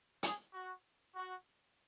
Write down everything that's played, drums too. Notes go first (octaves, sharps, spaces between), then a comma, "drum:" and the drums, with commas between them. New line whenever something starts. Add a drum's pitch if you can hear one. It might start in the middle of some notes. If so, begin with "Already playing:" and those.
G#4, drum: hi-hat
F#4
F#4